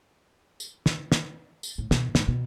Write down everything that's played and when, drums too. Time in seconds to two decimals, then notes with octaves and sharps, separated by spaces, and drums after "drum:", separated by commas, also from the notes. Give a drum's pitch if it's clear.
0.60 drum: tambourine
0.86 drum: snare
1.12 drum: snare
1.63 drum: tambourine
1.78 A2
1.91 B2, drum: snare
2.15 G#2, drum: snare
2.28 B2